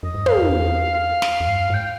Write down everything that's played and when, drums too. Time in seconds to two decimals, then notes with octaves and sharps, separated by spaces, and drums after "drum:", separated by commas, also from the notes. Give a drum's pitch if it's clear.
0.03 F2 D#5
0.14 G2
0.26 F#2 F5, drum: tom
0.38 F2
0.49 E2
0.94 F5
1.22 drum: snare
1.40 E2
1.47 G2
1.56 F#2
1.70 G#2 G5